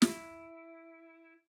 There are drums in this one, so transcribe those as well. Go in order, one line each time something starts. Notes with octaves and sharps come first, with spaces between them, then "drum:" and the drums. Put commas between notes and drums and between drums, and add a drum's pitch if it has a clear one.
E4, drum: snare